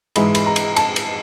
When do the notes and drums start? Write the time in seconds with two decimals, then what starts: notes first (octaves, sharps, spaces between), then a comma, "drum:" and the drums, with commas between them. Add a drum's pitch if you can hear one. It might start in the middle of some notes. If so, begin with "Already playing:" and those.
0.16 G#2 E3 G#3 B5, drum: cymbal
0.35 B5, drum: cymbal
0.46 A#5
0.56 drum: cymbal
0.76 A5, drum: cymbal
0.96 drum: cymbal